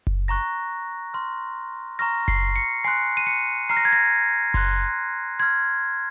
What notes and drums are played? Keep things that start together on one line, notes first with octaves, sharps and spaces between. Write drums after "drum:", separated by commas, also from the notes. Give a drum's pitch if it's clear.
drum: kick F#1
A#5 C#6 F#6 A#6
C6 F6
A#5 C#6 F6 A#6, drum: open hi-hat
C7, drum: kick F#1
C#7
G#5 C6 F#6 C7
D#7
C#7
A#5 F6 C7
A#6
G#6
A#6
C6 F#6, drum: kick F#1
C6 F6 G#6